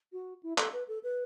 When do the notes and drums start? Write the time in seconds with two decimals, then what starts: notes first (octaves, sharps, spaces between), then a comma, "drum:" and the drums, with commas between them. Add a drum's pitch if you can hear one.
0.13 F#4
0.43 E4
0.58 A4, drum: clap
0.73 B4
0.88 A4
1.03 B4